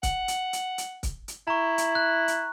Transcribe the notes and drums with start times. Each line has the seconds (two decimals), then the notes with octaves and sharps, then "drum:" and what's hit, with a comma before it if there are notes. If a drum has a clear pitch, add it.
0.03 F#5, drum: kick, hi-hat
0.28 drum: hi-hat
0.53 drum: hi-hat
0.78 drum: hi-hat
1.03 drum: kick, hi-hat
1.28 drum: hi-hat
1.48 E4 A#5 C#6
1.78 drum: hi-hat
1.95 F#6
2.28 drum: hi-hat